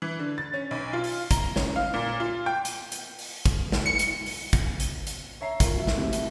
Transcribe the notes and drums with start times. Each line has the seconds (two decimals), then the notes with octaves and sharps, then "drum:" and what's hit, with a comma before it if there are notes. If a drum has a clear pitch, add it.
0.02 E3
0.19 D3
0.38 A6
0.54 C#4
0.71 B1
0.93 F4
1.04 drum: open hi-hat
1.31 A#5, drum: kick, hi-hat
1.56 C#4, drum: snare
1.76 F5
1.94 A#2
2.20 F4
2.46 G5
2.65 drum: hi-hat
2.92 drum: hi-hat
3.19 drum: open hi-hat
3.46 drum: kick, hi-hat
3.72 drum: snare
3.86 C#7
3.99 drum: hi-hat
4.26 drum: open hi-hat
4.53 drum: kick, hi-hat
4.80 drum: hi-hat
5.07 drum: hi-hat
5.41 C#5 E5 A#5 C7
5.60 F4 A#4, drum: kick, hi-hat
5.76 F#3 E5
5.87 drum: snare
5.97 C2 A2 C3
6.13 A2, drum: hi-hat